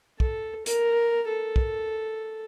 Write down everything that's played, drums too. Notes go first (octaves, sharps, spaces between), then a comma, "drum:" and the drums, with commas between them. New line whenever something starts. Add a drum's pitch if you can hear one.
A4, drum: kick
A#4, drum: hi-hat
A4
drum: kick